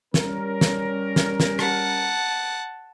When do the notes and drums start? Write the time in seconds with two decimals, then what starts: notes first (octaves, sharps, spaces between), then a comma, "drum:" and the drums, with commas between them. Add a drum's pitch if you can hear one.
0.14 G3 C#4 A#4, drum: snare
0.61 drum: snare
1.16 drum: snare
1.40 drum: snare
1.59 F#5 A5, drum: rim click